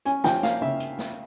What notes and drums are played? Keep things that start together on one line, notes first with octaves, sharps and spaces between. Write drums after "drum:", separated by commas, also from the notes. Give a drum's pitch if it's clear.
C#4 G#5, drum: hi-hat
F3 G5, drum: snare
A#3 F5, drum: snare
C#3 E5
drum: hi-hat
drum: snare